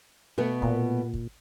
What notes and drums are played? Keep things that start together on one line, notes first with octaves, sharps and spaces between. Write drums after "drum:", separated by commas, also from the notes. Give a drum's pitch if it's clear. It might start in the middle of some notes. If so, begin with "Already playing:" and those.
B2 A3 B3
A#2, drum: kick
drum: kick